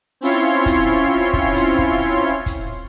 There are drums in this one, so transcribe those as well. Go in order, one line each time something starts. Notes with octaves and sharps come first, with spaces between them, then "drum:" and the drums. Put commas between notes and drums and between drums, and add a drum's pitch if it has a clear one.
C4 C#4 E4 F4 C#5 C6
drum: kick, hi-hat
drum: kick
drum: hi-hat
drum: kick
drum: kick, hi-hat